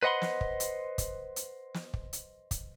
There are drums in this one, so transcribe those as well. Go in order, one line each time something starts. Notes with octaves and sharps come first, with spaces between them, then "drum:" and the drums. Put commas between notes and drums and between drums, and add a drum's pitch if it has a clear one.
B4 C5 D#5 F#5 B5 C6
drum: snare
drum: kick
drum: hi-hat
drum: kick, hi-hat
drum: hi-hat
drum: snare
drum: kick
drum: hi-hat
drum: kick, hi-hat